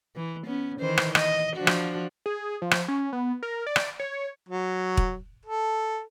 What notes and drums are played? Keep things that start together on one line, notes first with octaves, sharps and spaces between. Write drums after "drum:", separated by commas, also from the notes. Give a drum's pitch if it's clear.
E3
B3 C#4
D#3 E3 C5
drum: rim click
D#5, drum: rim click
F3 D4 F#4
drum: rim click
G#4
F3
drum: rim click
C#4
B3
A#4
D5
drum: rim click
C#5
F#3
drum: kick
A4